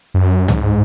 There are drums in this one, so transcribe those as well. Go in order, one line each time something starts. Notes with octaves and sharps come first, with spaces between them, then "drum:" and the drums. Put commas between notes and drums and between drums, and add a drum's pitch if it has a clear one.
F#2
G#2, drum: tom